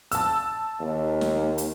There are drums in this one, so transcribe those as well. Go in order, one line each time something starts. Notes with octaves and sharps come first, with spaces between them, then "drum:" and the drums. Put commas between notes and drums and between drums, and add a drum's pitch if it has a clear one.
A5 E6, drum: hi-hat
D#2
drum: snare
drum: hi-hat